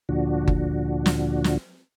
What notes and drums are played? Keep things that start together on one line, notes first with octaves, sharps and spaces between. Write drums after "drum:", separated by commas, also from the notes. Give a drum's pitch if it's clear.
D2 A#2 D3 F3 D4 F#4
drum: kick G1
drum: snare
drum: snare